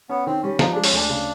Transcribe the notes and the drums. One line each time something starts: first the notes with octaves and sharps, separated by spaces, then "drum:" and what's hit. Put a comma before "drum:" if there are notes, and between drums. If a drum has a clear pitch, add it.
B3 C#4
D#3 C4
G3 C#4
F3 D#4, drum: snare
G#3 D4
C#4, drum: open hi-hat
D2 D4
C#3